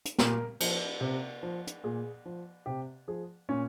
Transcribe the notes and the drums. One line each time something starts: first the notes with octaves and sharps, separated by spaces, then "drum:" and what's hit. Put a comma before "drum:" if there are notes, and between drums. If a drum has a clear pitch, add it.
drum: hi-hat
A#2 A#4, drum: snare
F3, drum: cymbal
C3
F3
drum: hi-hat
A#2 G#4
F3
C3 G4
F3 G#4
A#2 C#4